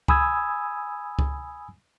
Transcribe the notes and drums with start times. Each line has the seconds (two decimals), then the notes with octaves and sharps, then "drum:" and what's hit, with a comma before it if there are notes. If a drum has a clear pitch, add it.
0.08 G#5 B5 D#6 E6 G#6, drum: kick C#2
1.19 drum: kick C#2